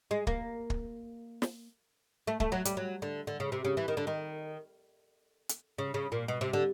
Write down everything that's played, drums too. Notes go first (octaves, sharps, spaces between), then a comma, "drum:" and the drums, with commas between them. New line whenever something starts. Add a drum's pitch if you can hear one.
G#3
A#3, drum: kick
drum: kick
drum: snare
A3
A3, drum: kick
F#3
G3, drum: hi-hat
F#3
D3
D3
C#3
C3
C#3
E3
D#3
D3
D#3
drum: hi-hat
C#3
C#3
A#2
B2
C3
D3